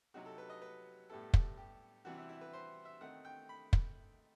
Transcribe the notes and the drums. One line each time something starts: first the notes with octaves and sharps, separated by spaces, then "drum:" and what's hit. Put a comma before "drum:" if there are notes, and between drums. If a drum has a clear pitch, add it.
C3 F#3 C4 D#4 F#4
A4
B4
D#5
B4
A2 G3 B3 E4 A4
drum: kick
G4
C3 E3 G3 C4 F#4
E4
E4
B4
C5
E5
D#3 A3 C4 D#4 F#5
G5
B5
drum: kick